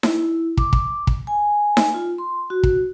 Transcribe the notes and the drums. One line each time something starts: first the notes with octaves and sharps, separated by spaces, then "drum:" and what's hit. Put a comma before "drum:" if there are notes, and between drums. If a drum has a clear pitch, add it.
E4, drum: snare D#4
D6, drum: kick
drum: kick
drum: kick
G#5
drum: snare D#4
F4
C6
F#4
drum: kick